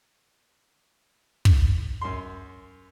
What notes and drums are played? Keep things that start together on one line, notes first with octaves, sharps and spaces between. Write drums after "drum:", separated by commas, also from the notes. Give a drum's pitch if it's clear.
drum: kick
F#2 C6